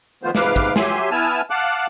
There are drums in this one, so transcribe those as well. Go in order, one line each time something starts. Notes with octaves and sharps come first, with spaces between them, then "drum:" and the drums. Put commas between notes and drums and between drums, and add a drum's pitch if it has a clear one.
D#3 F3 A3 B3 F4 C5
G#2 C3 B4 F5 D6, drum: snare
drum: kick
F#3 G4 E5 G#5 C6, drum: snare
B3 E4 G#5 A5 E6 F6
F5 F#5 A5 D6 F#6